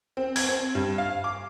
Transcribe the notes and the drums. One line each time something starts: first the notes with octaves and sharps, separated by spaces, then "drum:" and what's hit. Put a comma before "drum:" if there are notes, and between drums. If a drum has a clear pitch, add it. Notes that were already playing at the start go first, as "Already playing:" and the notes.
C4
G#6, drum: open hi-hat
C4
G2
F5
D6